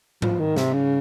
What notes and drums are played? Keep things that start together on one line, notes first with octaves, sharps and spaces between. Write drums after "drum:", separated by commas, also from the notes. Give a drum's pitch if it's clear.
F3, drum: tom G#2
D#3
C3, drum: snare
C#3